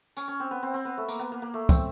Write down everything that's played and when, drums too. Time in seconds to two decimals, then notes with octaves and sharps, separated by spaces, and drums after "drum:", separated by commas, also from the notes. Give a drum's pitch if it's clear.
0.17 C#4, drum: tambourine
0.28 C#4
0.40 C4
0.51 B3
0.63 C4
0.74 C4
0.85 B3
0.98 A3
1.08 A#3, drum: tambourine
1.19 B3
1.32 A#3
1.42 A#3
1.54 A3
1.69 C4, drum: kick, tambourine